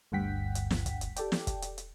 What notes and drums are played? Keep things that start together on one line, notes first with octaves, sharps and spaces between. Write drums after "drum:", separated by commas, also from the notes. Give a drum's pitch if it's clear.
G1 D2 G2 F#5 G5 B6
drum: hi-hat
drum: snare
drum: kick, hi-hat
drum: hi-hat
G4 A4 D5 G5, drum: hi-hat
drum: snare
drum: kick, hi-hat
drum: hi-hat
drum: hi-hat